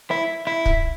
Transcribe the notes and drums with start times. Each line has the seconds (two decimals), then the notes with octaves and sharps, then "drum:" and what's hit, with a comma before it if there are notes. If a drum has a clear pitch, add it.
0.11 E4
0.47 E4
0.66 drum: kick